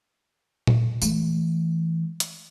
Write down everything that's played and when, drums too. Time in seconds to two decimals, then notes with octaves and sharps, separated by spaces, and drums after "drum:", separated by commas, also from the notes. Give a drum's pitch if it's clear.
0.67 drum: tom A#2
1.02 E3 A3, drum: tambourine
2.20 drum: hi-hat